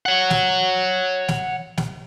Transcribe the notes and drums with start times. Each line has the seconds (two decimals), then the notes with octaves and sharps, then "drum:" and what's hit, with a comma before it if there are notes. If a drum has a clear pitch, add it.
0.06 C#5 F#5
0.30 drum: snare
1.28 drum: snare
1.77 drum: snare